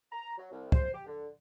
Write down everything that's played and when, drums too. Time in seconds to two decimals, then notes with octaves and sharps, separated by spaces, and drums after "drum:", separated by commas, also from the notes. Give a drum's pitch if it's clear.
0.12 A#5
0.38 F#3
0.52 C2
0.72 C5, drum: kick
0.94 G4
1.07 D3